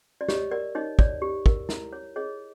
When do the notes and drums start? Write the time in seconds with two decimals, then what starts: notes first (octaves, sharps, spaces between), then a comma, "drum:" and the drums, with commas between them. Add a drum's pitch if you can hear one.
0.21 D5
0.28 G4 C#5 D#5, drum: snare
0.51 A#4 D5
0.75 D#4 C#5 D#5
0.99 C#5 D5, drum: kick
1.22 G4
1.46 A#4, drum: kick
1.69 E4, drum: snare
1.93 C#5
2.16 G#4 C#5 D#5